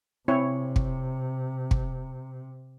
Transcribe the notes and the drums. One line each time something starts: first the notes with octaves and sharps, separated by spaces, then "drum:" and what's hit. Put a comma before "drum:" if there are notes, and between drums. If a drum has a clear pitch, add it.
C3 C4 E4 C#5
drum: kick
drum: kick